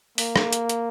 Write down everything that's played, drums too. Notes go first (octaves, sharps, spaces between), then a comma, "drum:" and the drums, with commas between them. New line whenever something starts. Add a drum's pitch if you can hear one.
A#3, drum: open hi-hat
drum: rim click
drum: hi-hat
drum: hi-hat